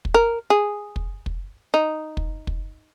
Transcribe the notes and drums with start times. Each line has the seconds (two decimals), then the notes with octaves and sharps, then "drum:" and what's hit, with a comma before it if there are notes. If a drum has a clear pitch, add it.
0.05 drum: kick
0.14 A#4
0.50 G#4
0.96 drum: kick
1.26 drum: kick
1.74 D#4
2.17 drum: kick
2.47 drum: kick